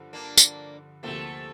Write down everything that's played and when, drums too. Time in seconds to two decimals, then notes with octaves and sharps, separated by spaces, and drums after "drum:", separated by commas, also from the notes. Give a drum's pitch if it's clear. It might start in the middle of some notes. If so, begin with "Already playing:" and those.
Already playing: G2 D3 F3
0.13 A#3 D4
0.37 drum: tambourine
1.03 D2 C3 F3 A3 A#3 C4